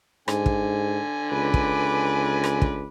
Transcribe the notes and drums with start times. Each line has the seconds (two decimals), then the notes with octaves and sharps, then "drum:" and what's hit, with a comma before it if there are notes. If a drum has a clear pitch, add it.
0.28 G#2 D3 G#5, drum: rim click
0.46 drum: kick
1.31 C#2 B4 D6
1.54 drum: kick
2.44 drum: rim click
2.62 drum: kick